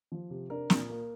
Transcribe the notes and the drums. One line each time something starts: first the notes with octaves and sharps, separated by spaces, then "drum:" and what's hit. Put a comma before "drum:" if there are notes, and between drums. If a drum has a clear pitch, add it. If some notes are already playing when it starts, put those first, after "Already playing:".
F3
C3
D4 A#4
A#2, drum: snare
A#3